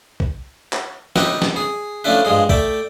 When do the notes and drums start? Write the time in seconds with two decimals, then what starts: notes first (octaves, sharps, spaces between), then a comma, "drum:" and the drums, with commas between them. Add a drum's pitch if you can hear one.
0.20 drum: kick
0.73 drum: clap
1.16 D#4 G4 B4 E5, drum: snare
1.42 drum: snare
1.56 G#4
2.04 F3 A3 C#4 D4 E4 B4
2.25 G2 F3 G#3 G#4
2.49 A3 D5 E5 G5, drum: kick